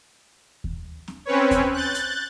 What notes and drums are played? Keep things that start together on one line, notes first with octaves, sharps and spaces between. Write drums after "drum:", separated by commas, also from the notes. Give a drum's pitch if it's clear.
drum: kick D#2
drum: snare C4
C4 C#4 B4 C#5
drum: kick D#2, hi-hat
F#6 G6 A6
drum: hi-hat